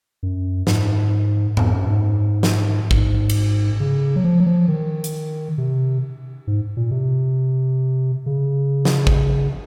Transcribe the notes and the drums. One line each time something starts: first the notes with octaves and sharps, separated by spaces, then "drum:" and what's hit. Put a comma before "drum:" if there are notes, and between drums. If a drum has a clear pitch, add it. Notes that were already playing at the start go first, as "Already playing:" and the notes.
F#2
G#2, drum: snare
F2, drum: tom G#2
F#2
G#2
drum: snare
G#2, drum: kick
drum: cymbal
C#3
F#3
F3
F#3
F3
D#3
drum: hi-hat
C3
G#2
A#2
C3
C#3
drum: snare
drum: kick